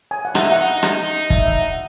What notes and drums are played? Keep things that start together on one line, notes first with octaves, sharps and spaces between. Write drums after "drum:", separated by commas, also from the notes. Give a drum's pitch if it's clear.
G#5
F#5
D#4 E5, drum: rim click
F#5
D#4
drum: rim click
E5, drum: kick
E5
F#5